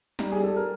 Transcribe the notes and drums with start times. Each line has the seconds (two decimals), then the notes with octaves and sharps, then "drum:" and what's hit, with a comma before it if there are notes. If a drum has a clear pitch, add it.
0.19 G3 D#4, drum: snare
0.32 G#4
0.44 A4
0.56 A#4